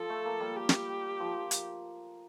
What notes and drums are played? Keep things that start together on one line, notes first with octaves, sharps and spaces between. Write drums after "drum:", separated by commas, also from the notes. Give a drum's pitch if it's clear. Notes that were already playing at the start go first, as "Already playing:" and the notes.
Already playing: F3 A4
A3
A#3
G3
G4
drum: snare
F3
drum: hi-hat